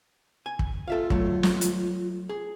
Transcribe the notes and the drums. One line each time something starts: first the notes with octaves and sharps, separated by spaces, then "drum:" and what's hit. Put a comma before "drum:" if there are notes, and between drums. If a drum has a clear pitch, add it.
G#5
drum: kick
F4 A4 E5 F5
F#3 A3, drum: kick
drum: snare
drum: hi-hat
G#4